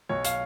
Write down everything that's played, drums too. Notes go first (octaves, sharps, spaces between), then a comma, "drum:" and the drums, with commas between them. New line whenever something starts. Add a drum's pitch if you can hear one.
B1 C#5
F5, drum: hi-hat